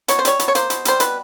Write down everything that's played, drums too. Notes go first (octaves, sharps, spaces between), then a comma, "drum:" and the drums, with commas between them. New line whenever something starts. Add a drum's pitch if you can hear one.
B2 C#5, drum: hi-hat
C5
G3 C#5, drum: hi-hat
B2, drum: hi-hat
C#5
A#3 C5, drum: hi-hat
B2, drum: hi-hat
G3 C5, drum: hi-hat
B2 B4, drum: hi-hat